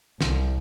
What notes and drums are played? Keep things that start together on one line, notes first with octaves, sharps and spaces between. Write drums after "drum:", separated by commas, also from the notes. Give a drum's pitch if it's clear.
C2, drum: snare